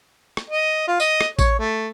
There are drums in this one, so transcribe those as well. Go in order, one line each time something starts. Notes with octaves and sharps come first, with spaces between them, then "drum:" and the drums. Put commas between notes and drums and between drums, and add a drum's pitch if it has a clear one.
drum: rim click
D#5
F4
D#5, drum: tambourine
drum: rim click
C#5, drum: kick A1, tambourine
A3